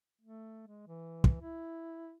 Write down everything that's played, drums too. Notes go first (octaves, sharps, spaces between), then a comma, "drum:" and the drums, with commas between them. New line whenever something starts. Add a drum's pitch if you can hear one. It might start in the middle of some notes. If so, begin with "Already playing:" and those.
A3
G#3
E3
drum: kick
E4